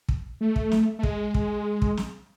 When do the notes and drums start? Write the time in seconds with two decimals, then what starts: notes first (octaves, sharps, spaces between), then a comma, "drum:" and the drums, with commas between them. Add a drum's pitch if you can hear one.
0.09 drum: kick
0.41 A3
0.56 drum: kick
0.71 drum: snare
0.99 A3
1.03 G#3, drum: kick
1.34 drum: kick
1.82 drum: kick
1.97 drum: snare